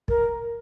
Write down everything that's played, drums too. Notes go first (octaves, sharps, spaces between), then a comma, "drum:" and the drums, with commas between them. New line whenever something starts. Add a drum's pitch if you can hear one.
A#4, drum: kick